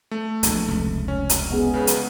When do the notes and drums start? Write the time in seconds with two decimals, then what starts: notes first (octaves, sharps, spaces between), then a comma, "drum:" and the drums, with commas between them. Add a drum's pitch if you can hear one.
0.11 A3
0.43 A#1 E2, drum: hi-hat
0.68 F1 C#2
1.08 C#4
1.29 drum: hi-hat
1.50 G#3 B3 G#4
1.74 C#3 B4
1.87 drum: hi-hat